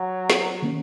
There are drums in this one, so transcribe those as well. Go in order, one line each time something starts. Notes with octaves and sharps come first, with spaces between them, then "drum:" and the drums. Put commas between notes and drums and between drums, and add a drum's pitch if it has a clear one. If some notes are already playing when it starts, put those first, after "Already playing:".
Already playing: F#3
drum: snare
D#3 A#3 C#4